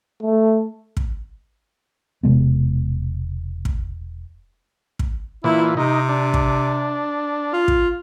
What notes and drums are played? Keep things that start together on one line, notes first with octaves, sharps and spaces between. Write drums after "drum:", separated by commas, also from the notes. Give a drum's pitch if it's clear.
A3
drum: kick
E1 C3 G#3 B3
drum: kick
drum: kick
A#2 E3 E4
C3 D#4
D4
drum: kick
F4
drum: kick